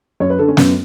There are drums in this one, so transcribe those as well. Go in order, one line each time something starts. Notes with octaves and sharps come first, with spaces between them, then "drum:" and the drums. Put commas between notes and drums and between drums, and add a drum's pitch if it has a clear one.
F#2 C#5
B4
D3 A4
C#4
F#2 B3, drum: snare